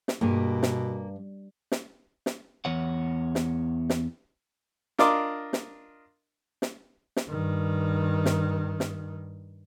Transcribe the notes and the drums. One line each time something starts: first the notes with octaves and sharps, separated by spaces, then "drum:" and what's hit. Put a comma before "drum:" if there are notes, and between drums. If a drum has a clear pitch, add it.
drum: snare
G2 B2 A#3 G4 G#4
drum: snare
drum: snare
drum: snare
E2 C#5 F#5
drum: snare
drum: snare
D4 F4 A#4 D#5 C6 D6, drum: snare
drum: snare
drum: snare
drum: snare
G2 D#3
drum: snare
drum: snare